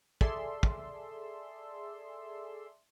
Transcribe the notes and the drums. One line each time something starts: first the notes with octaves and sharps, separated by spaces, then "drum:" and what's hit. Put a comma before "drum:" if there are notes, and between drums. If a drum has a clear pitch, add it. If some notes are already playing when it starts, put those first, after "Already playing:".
G#4 A4 D5 E5 C6 E6, drum: kick
drum: kick